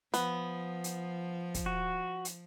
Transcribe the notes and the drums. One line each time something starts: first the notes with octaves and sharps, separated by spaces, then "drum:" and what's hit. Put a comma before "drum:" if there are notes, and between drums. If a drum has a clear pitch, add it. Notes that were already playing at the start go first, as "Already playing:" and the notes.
F3 B3, drum: hi-hat
drum: hi-hat
drum: kick, hi-hat
F#4
drum: hi-hat